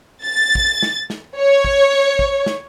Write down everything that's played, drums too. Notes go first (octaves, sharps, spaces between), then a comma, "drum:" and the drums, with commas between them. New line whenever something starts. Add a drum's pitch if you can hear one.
A6
drum: kick
drum: snare
drum: snare
C#5
drum: kick
drum: kick
drum: snare